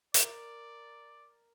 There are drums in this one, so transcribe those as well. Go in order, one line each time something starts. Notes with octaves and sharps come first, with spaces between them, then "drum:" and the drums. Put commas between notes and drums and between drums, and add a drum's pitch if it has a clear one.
A#4 D5, drum: hi-hat